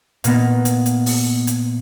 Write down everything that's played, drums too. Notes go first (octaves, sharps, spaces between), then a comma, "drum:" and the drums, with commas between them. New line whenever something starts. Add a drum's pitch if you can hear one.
A#2 A#3 B3 D#4, drum: hi-hat
drum: hi-hat
drum: hi-hat
drum: open hi-hat
drum: hi-hat